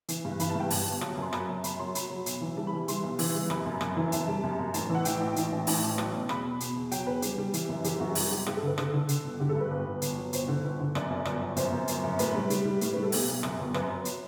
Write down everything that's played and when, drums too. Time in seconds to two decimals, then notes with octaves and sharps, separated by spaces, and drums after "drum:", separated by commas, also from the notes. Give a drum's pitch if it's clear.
0.08 E3, drum: hi-hat
0.25 G2
0.40 E3 B5, drum: hi-hat
0.49 A5
0.55 G2 G5
0.70 G2 A5, drum: open hi-hat
0.87 G1
1.01 F#3, drum: rim click
1.17 F#2 C6
1.33 F#3 B5, drum: rim click
1.49 F#2 A5
1.64 F#2 B5, drum: hi-hat
1.79 F#3 C6
1.95 F#3 B5, drum: hi-hat
2.10 F#3
2.26 B1, drum: hi-hat
2.41 E3
2.57 G3 A5
2.67 B5
2.73 E3
2.88 G3 C6, drum: hi-hat
3.03 B1
3.19 E3, drum: open hi-hat
3.34 G3
3.50 F#2 B5, drum: rim click
3.66 F#2
3.81 F#2, drum: rim click
3.97 E3
4.12 F#2 A5, drum: hi-hat
4.28 G3
4.43 F#2
4.59 F#2
4.74 A1 A5, drum: hi-hat
4.90 E3
4.95 F#5
5.05 A1 G5, drum: hi-hat
5.20 A1
5.36 A1, drum: hi-hat
5.52 A1
5.67 A1 A5, drum: open hi-hat
5.83 A1
5.98 F#3, drum: rim click
6.14 B2
6.29 E2 B5, drum: rim click
6.44 B2
6.60 B2, drum: hi-hat
6.76 E2
6.91 F#3 G5, drum: hi-hat
7.06 E2 B4
7.22 G3 G4, drum: hi-hat
7.38 G3
7.54 E3, drum: hi-hat
7.69 F#2
7.84 E3 G4, drum: hi-hat
8.00 F#2 F#4
8.15 G3 F#4, drum: open hi-hat
8.31 G3 G4
8.47 G2 G4, drum: rim click
8.57 A4
8.62 D3 B4
8.78 D3 A4, drum: rim click
8.93 D3
9.09 D3, drum: hi-hat
9.24 G1
9.40 D3 G4
9.49 A4
9.55 G2 B4
9.71 G1 B4
9.86 G1
10.02 G1, drum: hi-hat
10.18 F#3
10.33 G1 C5, drum: hi-hat
10.48 D3
10.64 G1
10.79 D3
10.95 F#2 D5, drum: rim click
11.10 F#2
11.25 G1, drum: rim click
11.42 G1
11.56 F#2 C5, drum: hi-hat
11.72 F#2
11.88 G1, drum: hi-hat
12.03 F#2
12.19 A2 B4, drum: hi-hat
12.35 G3
12.50 G3, drum: hi-hat
12.65 G3
12.81 A2, drum: hi-hat
12.93 G3 B4
13.03 A4
13.12 B1 G4, drum: open hi-hat
13.28 B1
13.43 F#2, drum: rim click
13.59 G1
13.74 F#2 B4, drum: rim click
13.90 F#3
14.05 F#3, drum: hi-hat